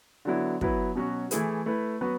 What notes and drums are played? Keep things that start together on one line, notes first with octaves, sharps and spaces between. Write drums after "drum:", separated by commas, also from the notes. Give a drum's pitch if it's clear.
D3 F#3 B3 E4
F#3 B3 E4 B4, drum: kick
B2 F#3 C#4 F#4
E3 A3 E4 G#4 B4, drum: hi-hat
A3 E4 B4
F#3 B3 F#4 B4